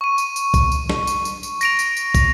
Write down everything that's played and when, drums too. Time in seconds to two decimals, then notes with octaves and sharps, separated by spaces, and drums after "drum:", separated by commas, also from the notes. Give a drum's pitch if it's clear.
0.01 C#6 D#7
0.18 drum: tambourine
0.36 drum: tambourine
0.54 drum: kick, tambourine
0.72 drum: tambourine
0.89 drum: snare
1.07 drum: tambourine
1.25 drum: tambourine
1.43 drum: tambourine
1.61 A#6 D7 F7, drum: tambourine
1.79 drum: tambourine
1.97 drum: tambourine
2.15 drum: kick, tambourine